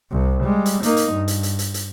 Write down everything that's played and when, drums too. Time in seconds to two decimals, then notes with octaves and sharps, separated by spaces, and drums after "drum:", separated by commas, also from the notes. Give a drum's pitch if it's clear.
0.11 C2 C3
0.43 G3 G#3
0.66 drum: hi-hat
0.83 A#3 D#4, drum: hi-hat
0.97 drum: hi-hat
1.12 G2
1.28 drum: hi-hat
1.43 drum: hi-hat
1.59 drum: hi-hat
1.74 drum: hi-hat